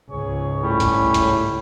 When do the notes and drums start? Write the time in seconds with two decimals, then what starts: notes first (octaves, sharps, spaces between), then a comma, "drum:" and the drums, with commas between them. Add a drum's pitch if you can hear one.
0.10 C#2 G#2 G#4 C#5
0.63 A2 G3 C#4
0.80 drum: kick, hi-hat
1.14 drum: kick, hi-hat